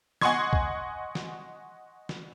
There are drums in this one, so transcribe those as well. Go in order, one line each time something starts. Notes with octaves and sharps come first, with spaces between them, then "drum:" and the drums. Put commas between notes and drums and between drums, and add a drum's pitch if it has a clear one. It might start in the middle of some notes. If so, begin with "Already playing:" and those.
D#5 F#5 G#5 C6 C#6 G#6, drum: snare
drum: kick
drum: snare
drum: snare